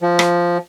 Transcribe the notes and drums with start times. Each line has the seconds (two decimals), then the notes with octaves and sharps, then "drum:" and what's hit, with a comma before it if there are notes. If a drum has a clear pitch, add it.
0.01 F3
0.19 drum: rim click